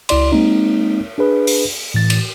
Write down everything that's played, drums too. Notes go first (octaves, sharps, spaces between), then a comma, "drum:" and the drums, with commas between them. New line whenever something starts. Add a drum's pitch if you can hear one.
C#2 E4 D5 C6, drum: cymbal
G#3 A#3 C4 D#4
D4 G#4 B4
drum: open hi-hat
A2 E3 A6
drum: cymbal